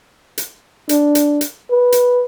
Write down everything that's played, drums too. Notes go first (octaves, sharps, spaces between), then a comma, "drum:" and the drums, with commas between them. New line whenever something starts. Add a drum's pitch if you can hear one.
drum: hi-hat
D4, drum: hi-hat
drum: hi-hat
drum: hi-hat
B4
drum: hi-hat